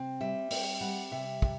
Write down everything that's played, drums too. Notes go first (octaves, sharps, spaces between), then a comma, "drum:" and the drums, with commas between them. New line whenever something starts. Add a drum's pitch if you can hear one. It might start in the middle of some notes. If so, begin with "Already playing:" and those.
Already playing: C3 C4
G3 E5
C4, drum: open hi-hat
G3 F#5
C3 E5
C3, drum: kick